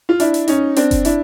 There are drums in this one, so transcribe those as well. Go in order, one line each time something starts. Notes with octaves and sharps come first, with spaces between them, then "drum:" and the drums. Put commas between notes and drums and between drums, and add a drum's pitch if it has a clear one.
F4
D4 E4, drum: hi-hat
drum: hi-hat
C#4 D#4, drum: hi-hat
C4 D4, drum: hi-hat
drum: kick F#1, hi-hat
D4 E4, drum: hi-hat